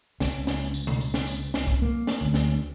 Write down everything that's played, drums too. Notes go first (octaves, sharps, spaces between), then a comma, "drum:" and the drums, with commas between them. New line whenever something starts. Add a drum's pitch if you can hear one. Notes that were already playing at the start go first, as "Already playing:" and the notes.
C#2, drum: snare
drum: snare
drum: tambourine
drum: tom B2
drum: tambourine
drum: snare
drum: tambourine
drum: snare
drum: kick C2
A#3
drum: snare
D2
drum: snare